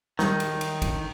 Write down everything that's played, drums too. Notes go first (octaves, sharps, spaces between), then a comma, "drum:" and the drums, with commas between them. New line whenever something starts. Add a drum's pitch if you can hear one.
D#3, drum: snare
drum: cymbal
drum: cymbal
drum: kick, cymbal